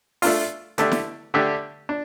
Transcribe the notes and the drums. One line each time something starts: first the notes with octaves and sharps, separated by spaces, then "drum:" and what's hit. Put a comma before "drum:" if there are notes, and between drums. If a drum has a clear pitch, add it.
A3 D4 F4, drum: open hi-hat
D3 A3 D4 G4, drum: hi-hat
drum: snare E4
D3 A3 D4 G4
D4